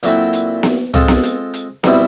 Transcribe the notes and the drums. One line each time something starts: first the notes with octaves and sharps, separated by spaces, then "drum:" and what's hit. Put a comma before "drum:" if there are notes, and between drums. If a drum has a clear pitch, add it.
A#2 F#3 A3 C4 E4, drum: hi-hat
drum: hi-hat
drum: snare B3
G#3 C4 F4 A4, drum: tom
drum: snare B3
drum: hi-hat
drum: hi-hat
B2 G3 C4 E4, drum: snare B3